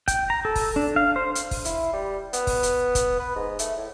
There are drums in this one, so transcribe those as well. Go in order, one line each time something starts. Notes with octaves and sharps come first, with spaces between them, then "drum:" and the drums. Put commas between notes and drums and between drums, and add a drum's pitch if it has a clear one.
G5, drum: kick, hi-hat
A#5
A4
drum: kick, open hi-hat
D4
F5
C5
drum: hi-hat
drum: kick, open hi-hat
E4, drum: hi-hat
G3
B3, drum: hi-hat
drum: kick, open hi-hat
drum: hi-hat
drum: kick, hi-hat
B4
G#2
A3, drum: hi-hat
A2